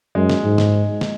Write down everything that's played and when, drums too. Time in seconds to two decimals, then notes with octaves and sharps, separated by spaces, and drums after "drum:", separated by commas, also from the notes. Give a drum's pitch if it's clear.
0.15 F#2 G#3
0.29 drum: snare
0.44 G#2
0.58 drum: snare
1.01 drum: snare